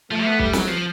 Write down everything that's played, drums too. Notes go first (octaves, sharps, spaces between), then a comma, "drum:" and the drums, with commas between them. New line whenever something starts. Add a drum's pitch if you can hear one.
F3 A3
B3
G3, drum: kick C2
F#3, drum: snare
F3